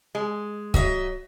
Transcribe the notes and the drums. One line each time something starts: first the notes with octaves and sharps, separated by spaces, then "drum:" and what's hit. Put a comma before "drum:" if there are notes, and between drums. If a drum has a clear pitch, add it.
G#3
F#3 D#5 E5, drum: kick C#1